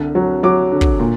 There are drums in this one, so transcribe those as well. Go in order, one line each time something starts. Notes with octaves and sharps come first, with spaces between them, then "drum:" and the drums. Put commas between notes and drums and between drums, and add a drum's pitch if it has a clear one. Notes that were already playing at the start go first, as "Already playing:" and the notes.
Already playing: C2 D3
F#3
F#3 D6
D3
drum: kick
A#2